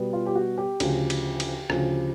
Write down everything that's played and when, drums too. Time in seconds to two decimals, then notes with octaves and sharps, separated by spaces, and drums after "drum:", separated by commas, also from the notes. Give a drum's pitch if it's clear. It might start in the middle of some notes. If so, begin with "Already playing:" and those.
Already playing: B2 G3 B3
0.13 F4
0.26 G4
0.35 F#4
0.58 G4
0.80 D2 C#3 F3, drum: cymbal
1.10 drum: cymbal
1.40 drum: cymbal
1.70 D2 C#3 F3, drum: rim click